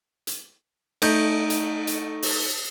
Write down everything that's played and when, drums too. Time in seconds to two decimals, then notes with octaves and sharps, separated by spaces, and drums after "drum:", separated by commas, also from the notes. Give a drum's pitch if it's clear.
0.27 drum: hi-hat
1.02 A3 D#4 G6, drum: cymbal
1.50 drum: hi-hat
1.87 drum: hi-hat
2.22 drum: open hi-hat